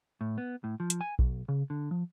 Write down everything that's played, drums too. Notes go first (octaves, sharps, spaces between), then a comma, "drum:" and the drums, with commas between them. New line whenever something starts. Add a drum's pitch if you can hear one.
A2
B3
A2
F3
drum: hi-hat
G#5
B1, drum: kick A#1
C#3
D3
F3